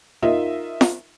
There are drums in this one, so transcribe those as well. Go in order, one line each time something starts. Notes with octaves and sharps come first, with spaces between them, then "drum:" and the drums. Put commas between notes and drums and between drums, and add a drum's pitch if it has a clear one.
D#4 F4 A#4 D#5 E5
drum: snare F4